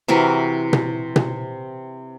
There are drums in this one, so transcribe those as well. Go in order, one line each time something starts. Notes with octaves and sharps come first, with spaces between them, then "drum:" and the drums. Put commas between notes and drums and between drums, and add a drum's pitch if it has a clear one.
C3 E3 F#4 A#4
drum: tom B2
drum: tom B2